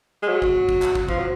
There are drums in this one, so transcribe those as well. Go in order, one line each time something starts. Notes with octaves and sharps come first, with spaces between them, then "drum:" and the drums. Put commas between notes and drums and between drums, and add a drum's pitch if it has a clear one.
G#3
F#3
drum: kick
drum: kick
drum: clap
drum: kick
F3, drum: kick
F#3